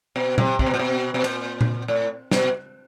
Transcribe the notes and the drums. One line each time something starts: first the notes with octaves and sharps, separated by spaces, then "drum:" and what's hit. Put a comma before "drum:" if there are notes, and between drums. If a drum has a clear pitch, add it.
B2
C3, drum: tom A#2
C3, drum: kick
B2
A#2
B2
B2
A#2, drum: cymbal
drum: tom A#2
A2
B2, drum: snare